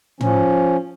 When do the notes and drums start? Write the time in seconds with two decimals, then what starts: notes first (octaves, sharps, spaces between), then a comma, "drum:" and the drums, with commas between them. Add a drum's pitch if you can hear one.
0.21 F3 C#4, drum: tom